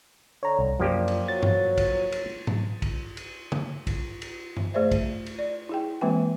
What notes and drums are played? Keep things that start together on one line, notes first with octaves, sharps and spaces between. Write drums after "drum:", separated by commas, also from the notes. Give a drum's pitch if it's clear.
D3 C#5 A#5
C2
F#2 F3 A#3 D4 G4
drum: cymbal
F#3 A6
drum: tom G2
drum: kick, cymbal
drum: cymbal
drum: tom G#2
drum: kick, cymbal
drum: cymbal
drum: tom C#3
drum: kick, cymbal
drum: cymbal
drum: tom G2
A3 G#4 C5 D5 E5
drum: kick, cymbal
drum: cymbal
D5
E4 G#4 G5
E3 G#3 A#3 C4 B4 G5